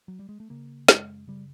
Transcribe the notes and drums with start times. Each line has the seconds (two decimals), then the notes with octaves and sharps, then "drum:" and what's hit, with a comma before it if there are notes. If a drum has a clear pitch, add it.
0.08 F#3
0.19 G3
0.29 G#3
0.40 A3
0.50 C#3 A#3
0.88 F#2 G#3, drum: snare
1.28 C#3 G3